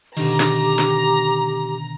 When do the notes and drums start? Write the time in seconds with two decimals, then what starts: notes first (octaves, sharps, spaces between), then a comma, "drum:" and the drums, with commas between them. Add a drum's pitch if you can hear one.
0.17 B2 D3 D#3 G4 A#5, drum: cymbal
0.40 drum: snare
0.79 drum: snare